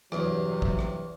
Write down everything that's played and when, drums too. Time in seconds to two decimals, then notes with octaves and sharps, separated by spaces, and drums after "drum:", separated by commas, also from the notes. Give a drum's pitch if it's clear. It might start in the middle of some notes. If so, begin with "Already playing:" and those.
0.12 E2 G2 C3 F#3, drum: rim click
0.62 drum: kick
0.79 drum: rim click